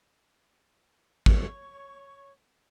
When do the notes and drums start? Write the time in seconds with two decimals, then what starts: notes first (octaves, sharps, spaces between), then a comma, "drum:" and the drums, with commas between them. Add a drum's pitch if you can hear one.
1.26 C#5 C#6, drum: kick